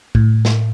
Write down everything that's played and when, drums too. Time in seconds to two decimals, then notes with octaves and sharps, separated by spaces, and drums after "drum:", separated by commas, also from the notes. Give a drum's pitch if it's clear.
0.15 A2, drum: kick
0.45 drum: snare